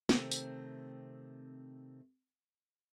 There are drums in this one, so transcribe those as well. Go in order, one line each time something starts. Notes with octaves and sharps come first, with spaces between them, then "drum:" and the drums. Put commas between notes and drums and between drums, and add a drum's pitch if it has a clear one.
C3 D#3 A3 C4, drum: snare
drum: tambourine